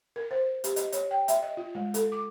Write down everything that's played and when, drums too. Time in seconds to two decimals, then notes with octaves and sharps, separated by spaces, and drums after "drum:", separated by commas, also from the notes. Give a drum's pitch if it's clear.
0.16 A#4
0.31 C5
0.64 G4, drum: hi-hat
0.76 D#5, drum: hi-hat
0.92 C#5, drum: hi-hat
1.11 G5
1.28 E5, drum: hi-hat
1.43 D#5
1.57 F4
1.75 G#3
1.94 A4, drum: hi-hat
2.12 D6